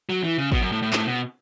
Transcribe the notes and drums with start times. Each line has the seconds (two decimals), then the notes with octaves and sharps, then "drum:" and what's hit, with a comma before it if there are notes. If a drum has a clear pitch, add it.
0.09 F#3
0.23 E3
0.38 C#3
0.52 B2, drum: kick
0.62 F#2
0.72 A2
0.82 A2
0.93 A2, drum: clap
1.07 B2